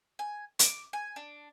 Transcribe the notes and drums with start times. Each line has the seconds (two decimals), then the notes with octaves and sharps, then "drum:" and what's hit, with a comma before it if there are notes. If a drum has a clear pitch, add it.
0.19 G#5
0.59 D6, drum: hi-hat
0.93 G#5
1.16 D4